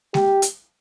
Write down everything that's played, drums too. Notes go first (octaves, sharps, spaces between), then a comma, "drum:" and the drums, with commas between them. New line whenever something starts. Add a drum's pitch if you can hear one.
G4, drum: snare G#3
drum: hi-hat